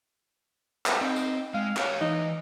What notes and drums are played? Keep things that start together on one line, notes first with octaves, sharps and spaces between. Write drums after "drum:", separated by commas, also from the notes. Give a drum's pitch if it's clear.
drum: clap
C4 D#4
drum: tambourine
G#3 F5
G4 C#5, drum: clap
E3 D#4